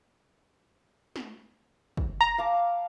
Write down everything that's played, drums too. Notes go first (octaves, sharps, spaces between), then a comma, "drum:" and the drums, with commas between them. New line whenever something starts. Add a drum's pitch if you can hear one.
drum: snare
drum: kick
A#5
F5 A5 D6